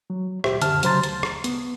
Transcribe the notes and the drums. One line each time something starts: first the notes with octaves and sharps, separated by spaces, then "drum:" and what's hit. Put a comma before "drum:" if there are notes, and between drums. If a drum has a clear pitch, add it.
F#3
D2 A#2 G4 C5 E5, drum: rim click
F#2 D3 A5 F6, drum: hi-hat
C#3 F#3 C5 A#5 C6 A6, drum: hi-hat
D2, drum: hi-hat
drum: rim click
B3, drum: hi-hat